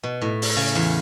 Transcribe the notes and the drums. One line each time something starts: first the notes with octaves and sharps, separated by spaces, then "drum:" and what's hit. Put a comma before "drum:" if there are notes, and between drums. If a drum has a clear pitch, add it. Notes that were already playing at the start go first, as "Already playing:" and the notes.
B2
A2
drum: open hi-hat
C#3
E2